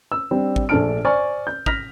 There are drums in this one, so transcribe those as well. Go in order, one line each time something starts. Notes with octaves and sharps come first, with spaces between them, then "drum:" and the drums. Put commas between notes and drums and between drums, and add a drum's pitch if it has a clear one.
E6
G3 C4 D4
drum: kick
A#1 A3 D4 A5 F6 D7
C5 D5 G#5 C#6 F6
G6
F6 A#6 B6 F7, drum: kick